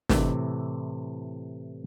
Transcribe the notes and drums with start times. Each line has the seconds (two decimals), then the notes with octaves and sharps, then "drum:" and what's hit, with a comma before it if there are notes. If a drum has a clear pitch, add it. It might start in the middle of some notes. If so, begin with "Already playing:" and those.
0.09 A2 C3 E3, drum: snare